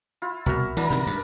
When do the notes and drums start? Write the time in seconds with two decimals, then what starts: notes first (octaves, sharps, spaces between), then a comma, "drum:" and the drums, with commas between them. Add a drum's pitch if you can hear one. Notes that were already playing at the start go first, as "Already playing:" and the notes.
0.22 E4 F4
0.46 C2 B2 F#4 A#4 E5
0.77 E3 B3 D4 A#4, drum: open hi-hat
0.90 C3 D#3
1.07 G2